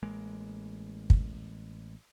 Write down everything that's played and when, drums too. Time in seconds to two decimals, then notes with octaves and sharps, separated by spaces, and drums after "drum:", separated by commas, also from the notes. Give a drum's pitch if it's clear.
0.03 A1 G#3 A#3
1.10 drum: kick